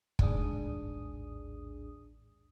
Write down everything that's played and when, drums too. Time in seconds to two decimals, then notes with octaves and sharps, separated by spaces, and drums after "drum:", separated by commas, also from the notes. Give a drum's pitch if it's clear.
0.19 A1 D#2 G#2 D4 G#4 D#6, drum: kick